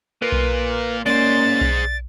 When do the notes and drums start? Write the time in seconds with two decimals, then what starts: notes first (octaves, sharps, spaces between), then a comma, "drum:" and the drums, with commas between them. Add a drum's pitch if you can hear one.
0.22 A#3 F4 A#4 B4
0.32 drum: kick B1
1.06 G#3 A#3 C#4 C5 D5 A6
1.61 drum: kick B1